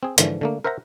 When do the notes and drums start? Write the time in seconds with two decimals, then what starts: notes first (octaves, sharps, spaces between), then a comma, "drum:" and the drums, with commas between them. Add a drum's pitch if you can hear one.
0.03 C4 G#4
0.18 G#2 D3 E3 F3, drum: hi-hat
0.41 D3 A3 A#3
0.64 A#4 C5 E5 F#5 A#5